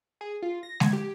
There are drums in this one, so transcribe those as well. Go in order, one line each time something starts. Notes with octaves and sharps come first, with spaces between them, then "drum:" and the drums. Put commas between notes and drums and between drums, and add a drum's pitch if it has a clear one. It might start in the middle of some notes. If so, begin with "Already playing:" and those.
G#4
F4
A#6
G#6, drum: snare G#3
G4